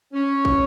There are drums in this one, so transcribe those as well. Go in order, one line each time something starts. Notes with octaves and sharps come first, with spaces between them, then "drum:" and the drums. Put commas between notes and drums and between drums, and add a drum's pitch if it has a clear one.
C#4
drum: kick